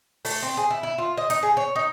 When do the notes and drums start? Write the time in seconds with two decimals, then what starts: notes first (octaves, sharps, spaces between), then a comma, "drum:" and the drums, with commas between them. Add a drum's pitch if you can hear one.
0.25 A3, drum: open hi-hat
0.42 C4
0.57 G#4
0.70 E4
0.83 E4
0.98 F4
1.17 D#5
1.30 D#4, drum: hi-hat
1.43 G#4
1.57 C#5
1.76 D#4